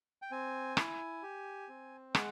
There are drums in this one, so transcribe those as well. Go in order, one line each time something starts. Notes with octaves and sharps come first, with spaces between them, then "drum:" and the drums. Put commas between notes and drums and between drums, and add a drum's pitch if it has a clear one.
G5
C4 G#5
E4, drum: rim click
G4
C4
G#3 F#5, drum: rim click